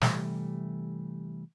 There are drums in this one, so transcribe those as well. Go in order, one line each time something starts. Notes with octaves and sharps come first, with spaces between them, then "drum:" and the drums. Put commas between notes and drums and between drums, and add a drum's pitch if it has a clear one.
C3 E3 G3 A3, drum: snare